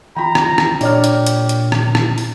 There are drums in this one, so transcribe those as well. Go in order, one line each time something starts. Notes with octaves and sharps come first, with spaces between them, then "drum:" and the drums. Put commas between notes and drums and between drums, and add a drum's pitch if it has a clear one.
E3 F4 G5 A#5 B5
drum: rim click
drum: rim click
A#2 D4 G4 C#5 D5 F6, drum: open hi-hat
drum: hi-hat
drum: hi-hat
drum: hi-hat
drum: rim click
drum: rim click
drum: open hi-hat